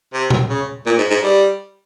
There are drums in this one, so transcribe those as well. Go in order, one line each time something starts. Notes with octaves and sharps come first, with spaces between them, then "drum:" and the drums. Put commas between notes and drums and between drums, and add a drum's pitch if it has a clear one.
C3
drum: tom A#2
C#3
A#2
G#2
G#2
G3